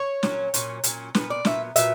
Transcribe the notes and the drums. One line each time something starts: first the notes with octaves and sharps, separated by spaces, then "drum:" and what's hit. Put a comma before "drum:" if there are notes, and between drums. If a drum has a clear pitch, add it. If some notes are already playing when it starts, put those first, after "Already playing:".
Already playing: C#5
A#2 F#3 C#4, drum: snare
A#2 F#3 C#4, drum: hi-hat
A#2 F#3 C#4, drum: hi-hat
A#2 F#3 B3 B4, drum: snare
D5
A#2 F#3 B3 E5, drum: snare
A#2 F#3 B3 E5, drum: hi-hat